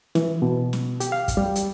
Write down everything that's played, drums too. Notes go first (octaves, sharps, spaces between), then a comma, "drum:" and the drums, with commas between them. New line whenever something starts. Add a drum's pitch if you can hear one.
E3, drum: snare
B2
drum: snare
G4, drum: hi-hat
F5
drum: kick, hi-hat
G3
drum: hi-hat